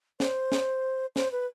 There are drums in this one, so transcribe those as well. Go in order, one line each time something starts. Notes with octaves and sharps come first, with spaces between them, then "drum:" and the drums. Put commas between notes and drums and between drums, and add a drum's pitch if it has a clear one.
C5, drum: snare
drum: snare
C5, drum: snare
B4